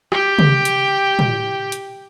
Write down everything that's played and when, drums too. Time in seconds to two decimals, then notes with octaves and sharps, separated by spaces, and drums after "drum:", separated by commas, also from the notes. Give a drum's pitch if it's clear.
0.12 G4 G5, drum: rim click
0.39 drum: tom
0.65 drum: hi-hat
1.19 drum: tom
1.72 drum: hi-hat